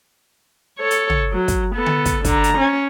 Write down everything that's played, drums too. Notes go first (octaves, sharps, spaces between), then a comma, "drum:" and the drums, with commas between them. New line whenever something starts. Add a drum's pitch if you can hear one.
A4 C#5
drum: hi-hat
drum: tom
F#3
drum: kick, hi-hat
B3 A4
drum: tom D3
drum: kick, hi-hat
D3 A#5, drum: kick, hi-hat
drum: hi-hat
C#4